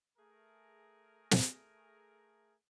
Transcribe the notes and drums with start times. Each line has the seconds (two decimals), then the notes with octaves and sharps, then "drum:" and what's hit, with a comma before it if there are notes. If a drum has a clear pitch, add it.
0.18 A3 G#4 A#4
1.31 drum: snare